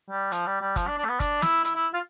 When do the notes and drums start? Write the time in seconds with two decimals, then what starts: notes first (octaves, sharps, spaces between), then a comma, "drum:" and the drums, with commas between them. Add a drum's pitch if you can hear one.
0.10 G3
0.32 F3, drum: hi-hat
0.47 G3
0.61 G3
0.76 F3, drum: kick G1, hi-hat
0.87 D4
0.98 D4
1.04 A3
1.09 B3
1.20 D4, drum: kick G1, hi-hat
1.42 E4, drum: snare
1.64 E4, drum: hi-hat
1.75 E4
1.94 F4